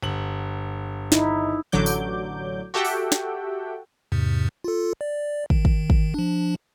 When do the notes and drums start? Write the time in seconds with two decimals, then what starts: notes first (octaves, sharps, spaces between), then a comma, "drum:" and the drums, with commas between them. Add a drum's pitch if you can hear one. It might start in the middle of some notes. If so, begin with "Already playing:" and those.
0.03 G1 F#7
1.12 D#4 E4, drum: snare
1.72 A1 D3 F#3 D6 G6
1.86 drum: tambourine
2.74 F#4 G4 A4 E5 F#5 G5
2.85 drum: open hi-hat
3.12 drum: snare
4.12 E2 G#2 C3
4.64 F4 A4
5.01 D5
5.50 D#3, drum: kick
5.65 drum: kick
5.90 drum: kick
6.14 F3 D4